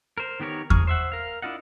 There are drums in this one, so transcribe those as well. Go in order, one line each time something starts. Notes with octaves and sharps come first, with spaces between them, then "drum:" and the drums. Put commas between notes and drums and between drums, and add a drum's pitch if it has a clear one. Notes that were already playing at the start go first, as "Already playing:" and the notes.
A#4 C5
D#3 B3 G4 A#4 C#5
F3 G#4 A#5 C#6 F6, drum: kick E2
C5 E5 F#5
A#4 F5
D4 E4 F4 D#5 F#5